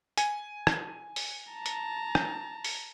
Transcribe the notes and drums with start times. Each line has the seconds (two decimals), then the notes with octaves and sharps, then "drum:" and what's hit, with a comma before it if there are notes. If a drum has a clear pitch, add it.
0.18 G#5, drum: hi-hat
0.67 drum: rim click
1.16 drum: open hi-hat
1.52 A5 A#5
1.66 drum: hi-hat
2.15 drum: rim click
2.64 drum: open hi-hat